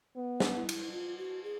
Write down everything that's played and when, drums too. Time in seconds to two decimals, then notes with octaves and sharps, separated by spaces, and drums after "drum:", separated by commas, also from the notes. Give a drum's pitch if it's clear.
0.17 B3
0.40 drum: snare
0.55 E4
0.69 drum: cymbal
0.92 F4
1.18 F#4
1.44 G#4